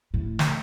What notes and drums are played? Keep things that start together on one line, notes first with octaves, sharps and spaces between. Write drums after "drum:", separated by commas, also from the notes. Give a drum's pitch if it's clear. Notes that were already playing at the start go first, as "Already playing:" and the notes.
A2
drum: snare